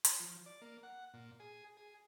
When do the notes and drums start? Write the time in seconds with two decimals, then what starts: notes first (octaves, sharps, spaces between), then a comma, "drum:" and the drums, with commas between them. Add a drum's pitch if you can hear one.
0.05 drum: hi-hat
0.20 F3
0.46 D5
0.62 A#3
0.83 F#5
1.14 A#2
1.40 G#4
1.77 G#4